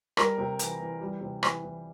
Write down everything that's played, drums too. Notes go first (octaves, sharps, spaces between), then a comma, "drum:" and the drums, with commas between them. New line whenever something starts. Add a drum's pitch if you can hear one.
G3 A#4, drum: rim click
C3
E3, drum: hi-hat
E3
G3
C3
E3, drum: rim click
E3